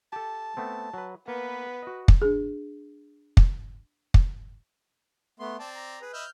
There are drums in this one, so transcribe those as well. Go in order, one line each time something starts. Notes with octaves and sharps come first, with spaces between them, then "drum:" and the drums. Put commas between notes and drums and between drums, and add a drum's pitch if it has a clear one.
G4 A4 A5
A3 B3 C4
F#3 B4
A#3 B3 B4
F#4 D#5
drum: kick
D4 G#4
drum: kick
drum: kick
A3 B3 C6
C4 D5 A5
A#5
G#4 B4
B4 D#5 E5 F6 G6